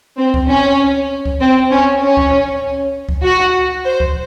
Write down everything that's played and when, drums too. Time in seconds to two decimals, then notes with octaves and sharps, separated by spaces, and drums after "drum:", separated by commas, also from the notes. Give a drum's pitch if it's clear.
0.18 C4
0.34 drum: kick C#2
0.49 C#4
1.26 drum: kick C#2
1.41 C4
1.71 C#4
2.02 C#4
2.17 drum: kick C#2
3.09 drum: kick C#2
3.23 F#4
3.85 C5
4.00 drum: kick C#2